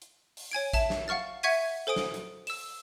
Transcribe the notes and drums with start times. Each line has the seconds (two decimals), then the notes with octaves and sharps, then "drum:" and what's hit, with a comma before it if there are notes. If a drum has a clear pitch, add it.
0.02 drum: hi-hat
0.37 drum: open hi-hat
0.52 C#5 G#5 G#6 D7
0.73 E5 A5 E7, drum: kick, hi-hat
0.90 drum: snare
1.08 F5 F#5 C#6 F6 A6
1.43 E5 F#5 C#6 G#6 B6 D#7, drum: open hi-hat
1.87 A4 C5 G#5 D#6 D7
1.96 drum: snare
2.14 drum: hi-hat
2.47 E6 E7, drum: open hi-hat